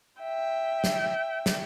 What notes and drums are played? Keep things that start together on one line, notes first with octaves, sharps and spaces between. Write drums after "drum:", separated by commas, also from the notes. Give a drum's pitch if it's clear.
E5 G5
drum: snare
drum: snare